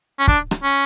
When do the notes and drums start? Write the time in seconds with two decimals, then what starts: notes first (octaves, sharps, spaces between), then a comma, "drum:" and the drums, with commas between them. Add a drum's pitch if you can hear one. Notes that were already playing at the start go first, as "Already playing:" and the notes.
0.19 C#4
0.27 D4, drum: kick
0.51 drum: rim click
0.63 C#4